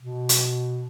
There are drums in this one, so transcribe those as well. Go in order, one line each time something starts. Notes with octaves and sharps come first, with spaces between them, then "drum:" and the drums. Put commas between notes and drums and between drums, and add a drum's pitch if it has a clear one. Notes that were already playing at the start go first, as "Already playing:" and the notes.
B2
drum: hi-hat